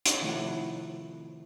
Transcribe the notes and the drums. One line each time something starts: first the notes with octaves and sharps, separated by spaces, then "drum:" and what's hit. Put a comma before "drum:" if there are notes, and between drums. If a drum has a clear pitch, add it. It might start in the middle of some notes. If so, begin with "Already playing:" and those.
drum: hi-hat
C3 D#3 F3 A3 E4 F#5